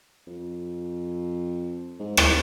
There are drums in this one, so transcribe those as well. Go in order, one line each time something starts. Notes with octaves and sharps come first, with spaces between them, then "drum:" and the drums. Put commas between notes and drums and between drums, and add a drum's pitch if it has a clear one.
F2
G#2
A2, drum: rim click